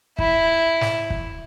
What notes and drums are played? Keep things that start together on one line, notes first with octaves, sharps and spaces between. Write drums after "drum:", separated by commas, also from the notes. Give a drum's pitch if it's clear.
E4, drum: kick
drum: snare
drum: kick